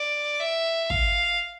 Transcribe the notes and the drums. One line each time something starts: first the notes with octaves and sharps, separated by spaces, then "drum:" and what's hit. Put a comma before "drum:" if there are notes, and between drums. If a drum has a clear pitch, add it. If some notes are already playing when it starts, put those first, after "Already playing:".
Already playing: D5
E5
F5, drum: kick